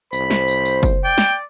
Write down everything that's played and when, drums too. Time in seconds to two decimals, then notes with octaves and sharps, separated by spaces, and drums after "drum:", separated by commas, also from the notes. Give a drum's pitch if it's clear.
0.13 C2 C5 B5, drum: tambourine
0.30 drum: snare
0.48 drum: tambourine
0.65 drum: tambourine
0.83 drum: kick, tambourine
1.04 D5 G5
1.18 drum: snare